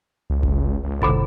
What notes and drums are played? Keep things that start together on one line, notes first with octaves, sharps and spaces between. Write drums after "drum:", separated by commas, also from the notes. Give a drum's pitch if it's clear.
C#2
drum: kick G1
C#2
F#2 B2 D3, drum: kick G1